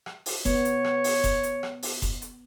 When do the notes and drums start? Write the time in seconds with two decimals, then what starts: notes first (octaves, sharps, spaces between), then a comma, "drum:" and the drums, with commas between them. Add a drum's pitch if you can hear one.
0.06 drum: rim click
0.26 drum: open hi-hat
0.45 B3 C#5, drum: kick E1, hi-hat
0.65 drum: hi-hat
0.85 drum: rim click
1.04 drum: open hi-hat
1.24 drum: kick E1, hi-hat
1.43 drum: hi-hat
1.63 drum: rim click
1.83 drum: open hi-hat
2.02 drum: kick E1, hi-hat
2.22 drum: hi-hat